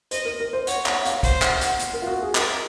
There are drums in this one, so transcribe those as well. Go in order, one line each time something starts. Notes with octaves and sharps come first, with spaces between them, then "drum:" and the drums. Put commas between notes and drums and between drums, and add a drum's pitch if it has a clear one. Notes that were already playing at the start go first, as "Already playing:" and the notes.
C5 D#5, drum: hi-hat
A#4
A#4
C5
C#5 F#5, drum: hi-hat
F#5, drum: clap
F5, drum: hi-hat
C5, drum: kick, hi-hat
F#5, drum: clap
F#5, drum: hi-hat
drum: hi-hat
A#4
F4
F#4
G#4
A#4 D#5, drum: clap